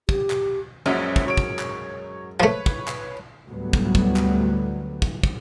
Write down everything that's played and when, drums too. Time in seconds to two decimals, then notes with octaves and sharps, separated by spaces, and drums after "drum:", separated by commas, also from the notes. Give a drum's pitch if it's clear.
0.09 G4, drum: kick
0.30 drum: clap
0.86 A#1 F#2 G#3 C#4 F#4 E5
1.16 drum: kick
1.26 F#3 C#5 D7
1.37 drum: kick
1.59 drum: clap
2.40 F3 A3 B4 C#5
2.66 drum: kick
2.88 drum: clap
3.48 D2 A2 F#3 G3 B3
3.73 drum: kick
3.95 drum: kick
4.16 drum: clap
5.02 drum: kick
5.23 drum: kick